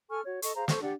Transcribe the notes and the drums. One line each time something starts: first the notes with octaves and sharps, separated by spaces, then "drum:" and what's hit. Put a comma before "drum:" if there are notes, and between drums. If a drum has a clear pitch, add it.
A4 G#5 C#6 F6
F#4 C#5
A4 D#5 C#6, drum: hi-hat
G#4 C5 F5 A#5
A4 C5 C#6, drum: snare
D4 G4 D5 F#5